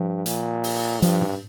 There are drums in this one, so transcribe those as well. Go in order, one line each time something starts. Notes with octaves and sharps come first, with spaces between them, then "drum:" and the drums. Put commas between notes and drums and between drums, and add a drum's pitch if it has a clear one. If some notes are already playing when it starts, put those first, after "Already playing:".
Already playing: G2 F3
A#2, drum: hi-hat
drum: open hi-hat
G2 F3, drum: hi-hat
drum: tom G#2